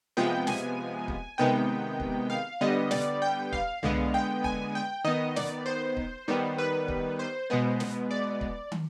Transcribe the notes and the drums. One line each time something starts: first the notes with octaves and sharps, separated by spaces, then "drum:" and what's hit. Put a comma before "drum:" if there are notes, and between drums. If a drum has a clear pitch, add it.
C3 F3 G#3 B3 G5
G#5, drum: snare
drum: kick
C3 D#3 G#3 B3 G5
drum: kick
F5
D3 G3 B3 D#5
D5, drum: snare
G5
F5, drum: kick
D3 G#3 B3, drum: tom C2
G5
G#5, drum: kick
G5
D#3 B3 D#5
D5, drum: snare
C5
drum: kick
D#3 G3 B3
B4
drum: kick
C5
B2 G#3 B3
drum: snare
D5
drum: kick
drum: tom